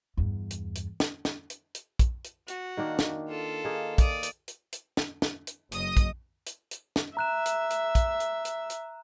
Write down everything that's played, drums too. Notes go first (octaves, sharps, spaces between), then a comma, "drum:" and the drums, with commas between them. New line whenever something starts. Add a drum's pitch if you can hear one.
E2 G2
drum: hi-hat
drum: hi-hat
drum: snare
drum: snare
drum: hi-hat
drum: hi-hat
drum: kick, hi-hat
drum: hi-hat
F#4, drum: hi-hat
D#3 A#3 D4
drum: snare
F4 A4
A#3 D#4 G#4
D5 D#6, drum: kick, hi-hat
drum: hi-hat
drum: hi-hat
drum: hi-hat
drum: snare
drum: snare
drum: hi-hat
F#1 D#5 D#6, drum: hi-hat
drum: kick, hi-hat
drum: hi-hat
drum: hi-hat
drum: snare
E5 A#5 F#6 E7
drum: hi-hat
drum: hi-hat
drum: kick, hi-hat
drum: hi-hat
drum: hi-hat
drum: hi-hat